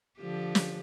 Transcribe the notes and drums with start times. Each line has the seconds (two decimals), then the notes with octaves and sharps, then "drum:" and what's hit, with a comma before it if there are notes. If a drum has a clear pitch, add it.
0.19 D3 F3 G4
0.55 drum: snare